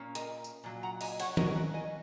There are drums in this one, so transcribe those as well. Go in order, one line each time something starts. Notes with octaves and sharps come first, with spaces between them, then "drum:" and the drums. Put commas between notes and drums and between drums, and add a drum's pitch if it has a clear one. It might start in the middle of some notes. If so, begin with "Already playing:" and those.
Already playing: A#2 A#3 C#4
A#4 D#5, drum: hi-hat
drum: tambourine
A#2 F#3
F#5 A#5
D#5 G#5, drum: open hi-hat
C#5 F#5, drum: cymbal
F#3 C#4 A#4 D#5, drum: tom D#3
F#4 A#4
D#5 G#5